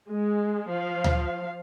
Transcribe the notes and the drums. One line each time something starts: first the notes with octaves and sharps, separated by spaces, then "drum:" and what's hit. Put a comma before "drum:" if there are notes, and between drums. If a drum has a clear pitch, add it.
G#3
F3 F5
drum: tom D2